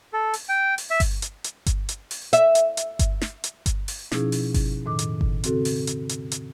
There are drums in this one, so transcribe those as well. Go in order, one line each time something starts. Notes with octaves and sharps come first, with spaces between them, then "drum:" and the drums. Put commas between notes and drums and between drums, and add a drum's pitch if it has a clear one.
A4
drum: open hi-hat
G5
drum: open hi-hat
E5
drum: kick G1, open hi-hat
drum: hi-hat
drum: hi-hat
drum: kick G1, hi-hat
drum: hi-hat
drum: open hi-hat
E5, drum: hi-hat
drum: hi-hat
drum: hi-hat
drum: kick G1, hi-hat
drum: snare
drum: hi-hat
drum: kick G1, hi-hat
drum: open hi-hat
B2 F3 C#4 D#4 E4 G#4, drum: snare
drum: open hi-hat
drum: kick G1, open hi-hat
F2 A2 D#3 D6
drum: hi-hat
drum: kick G1
C#3 C4 F#4 A4, drum: hi-hat
drum: open hi-hat
drum: hi-hat
drum: hi-hat
drum: hi-hat